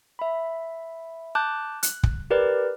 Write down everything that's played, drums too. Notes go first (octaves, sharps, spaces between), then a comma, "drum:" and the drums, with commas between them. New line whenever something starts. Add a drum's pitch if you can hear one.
E5 B5
A5 D6 F#6 G6
F#6, drum: hi-hat
drum: kick
G4 A#4 B4 D5